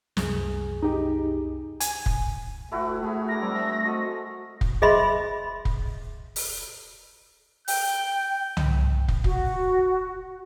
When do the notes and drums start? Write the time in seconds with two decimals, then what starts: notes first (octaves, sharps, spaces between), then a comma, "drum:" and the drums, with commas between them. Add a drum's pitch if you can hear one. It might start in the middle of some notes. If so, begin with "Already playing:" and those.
0.17 C2 F#2 G#4, drum: snare
0.83 D#4 G4
1.80 G#5, drum: hi-hat
2.06 drum: kick
2.71 D2 A3 E4 F#4
3.02 A3 F#4 G#4
3.28 D4 A#4 A#6
3.42 G3 C4
3.55 A3
3.85 F#4 A4 D#5
4.61 drum: kick
4.82 G#4 D#5 E5 B5 C6
5.65 drum: kick
6.36 drum: open hi-hat
7.68 G5 G6, drum: open hi-hat
8.57 drum: tom C2
9.08 drum: kick
9.24 F#4, drum: kick